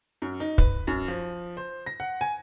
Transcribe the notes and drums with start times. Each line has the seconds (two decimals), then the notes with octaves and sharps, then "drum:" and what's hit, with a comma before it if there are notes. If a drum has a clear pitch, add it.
0.22 F#2
0.40 D#4
0.58 B4, drum: kick
0.87 F#2
1.08 F3
1.57 C5
1.86 A#6
2.00 F#5
2.21 G#5